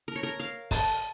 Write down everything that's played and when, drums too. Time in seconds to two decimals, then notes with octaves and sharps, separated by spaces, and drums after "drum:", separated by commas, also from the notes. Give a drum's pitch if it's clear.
0.08 A#4
0.16 C#5
0.23 A#4
0.40 F5
0.71 A5, drum: kick, open hi-hat